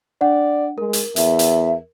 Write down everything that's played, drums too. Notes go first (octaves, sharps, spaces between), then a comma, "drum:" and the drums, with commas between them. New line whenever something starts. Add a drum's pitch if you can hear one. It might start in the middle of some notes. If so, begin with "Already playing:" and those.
D4 D5 F#5
G#3 A#4
drum: hi-hat
E2 E5, drum: hi-hat
drum: hi-hat